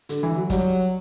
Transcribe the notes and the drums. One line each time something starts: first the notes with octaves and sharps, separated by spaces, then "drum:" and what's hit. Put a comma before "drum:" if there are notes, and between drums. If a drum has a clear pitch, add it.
D3, drum: hi-hat
E3
F#3
F#3 G3, drum: kick, hi-hat